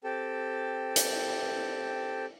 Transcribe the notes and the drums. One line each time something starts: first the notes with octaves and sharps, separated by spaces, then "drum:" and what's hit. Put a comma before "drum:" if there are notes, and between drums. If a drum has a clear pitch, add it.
C4 G4 A4
drum: hi-hat